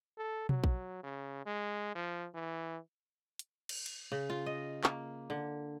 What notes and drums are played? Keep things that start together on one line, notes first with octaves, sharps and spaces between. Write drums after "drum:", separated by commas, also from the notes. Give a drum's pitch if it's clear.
A4
F#3, drum: tom B2
drum: kick A#1
C#3
G#3
F3
E3
drum: hi-hat
drum: cymbal
drum: cymbal
C#3
F4
D#5
A#3, drum: clap
D3